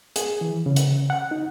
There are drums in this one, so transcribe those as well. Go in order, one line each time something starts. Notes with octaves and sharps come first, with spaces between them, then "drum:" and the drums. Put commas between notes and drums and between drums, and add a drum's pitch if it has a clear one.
G#4, drum: hi-hat
E3
C#3
drum: hi-hat
F#5
D#4